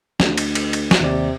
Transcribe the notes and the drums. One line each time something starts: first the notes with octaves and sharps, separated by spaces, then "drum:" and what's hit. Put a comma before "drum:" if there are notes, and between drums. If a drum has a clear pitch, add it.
D2, drum: snare
drum: cymbal
drum: cymbal
drum: cymbal
drum: snare
D#2 C3 D5